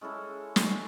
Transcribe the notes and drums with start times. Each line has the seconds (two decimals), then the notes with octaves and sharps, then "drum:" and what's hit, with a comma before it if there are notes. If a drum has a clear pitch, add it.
0.01 G#3 C#4 E4 A4
0.56 drum: snare